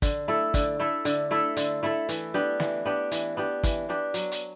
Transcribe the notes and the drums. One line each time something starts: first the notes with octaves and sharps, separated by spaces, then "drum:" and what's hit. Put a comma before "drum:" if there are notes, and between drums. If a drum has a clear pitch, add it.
D3, drum: kick, hi-hat
A3 E4 A4
D3, drum: kick, hi-hat
A3 E4 A4
D3, drum: hi-hat
A3 E4 A4
D3, drum: hi-hat
A3 E4 A4
E3, drum: hi-hat
B3 D4 G4
E3, drum: snare
B3 D4 G4
E3, drum: hi-hat
B3 D4 G4
E3, drum: kick, hi-hat
B3 D4 G4
F#3, drum: hi-hat
drum: hi-hat